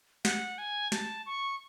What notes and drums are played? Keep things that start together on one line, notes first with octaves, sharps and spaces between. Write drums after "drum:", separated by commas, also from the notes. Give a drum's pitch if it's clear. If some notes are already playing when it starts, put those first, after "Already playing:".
F#5, drum: snare
G#5
A5, drum: snare
C#6